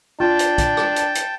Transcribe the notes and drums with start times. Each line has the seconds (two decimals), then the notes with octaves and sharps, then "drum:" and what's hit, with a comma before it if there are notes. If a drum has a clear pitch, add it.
0.20 D4 F4 G5 A5
0.39 drum: hi-hat
0.58 drum: kick, hi-hat
0.77 drum: rim click
0.96 drum: hi-hat
1.15 drum: hi-hat